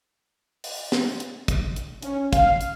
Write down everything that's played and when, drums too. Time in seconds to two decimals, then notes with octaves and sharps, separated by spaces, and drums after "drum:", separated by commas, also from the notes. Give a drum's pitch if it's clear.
0.64 drum: open hi-hat
0.92 drum: snare
1.20 drum: hi-hat
1.48 drum: kick, hi-hat
1.76 drum: hi-hat
2.02 C#4, drum: hi-hat
2.33 F5, drum: kick, hi-hat
2.61 drum: hi-hat